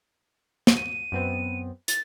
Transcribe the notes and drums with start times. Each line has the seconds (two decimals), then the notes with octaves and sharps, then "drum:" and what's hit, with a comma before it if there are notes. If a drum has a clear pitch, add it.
0.67 drum: snare
0.76 D#7
1.12 F#2 B3 C4
1.88 A6, drum: hi-hat